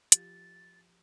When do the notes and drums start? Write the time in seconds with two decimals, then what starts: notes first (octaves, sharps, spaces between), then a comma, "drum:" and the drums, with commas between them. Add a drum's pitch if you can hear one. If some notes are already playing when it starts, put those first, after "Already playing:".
0.12 F3 F4 G4 A6, drum: hi-hat